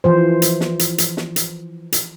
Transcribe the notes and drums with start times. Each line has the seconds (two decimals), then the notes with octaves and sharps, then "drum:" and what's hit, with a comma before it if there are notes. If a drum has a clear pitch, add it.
0.04 E3 F3 C5
0.42 drum: hi-hat
0.61 drum: snare
0.79 drum: hi-hat
0.98 drum: hi-hat
1.17 drum: snare
1.36 drum: hi-hat
1.92 drum: hi-hat